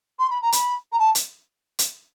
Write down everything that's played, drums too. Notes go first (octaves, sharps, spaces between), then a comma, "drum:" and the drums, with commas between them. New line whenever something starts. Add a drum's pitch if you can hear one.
C6
B5
A#5
B5, drum: hi-hat
A#5
A5
drum: hi-hat
drum: hi-hat